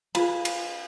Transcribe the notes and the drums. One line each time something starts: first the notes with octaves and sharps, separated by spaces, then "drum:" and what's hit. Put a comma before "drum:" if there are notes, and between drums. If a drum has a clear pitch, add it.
F4 G#4 B4 B5, drum: cymbal
drum: cymbal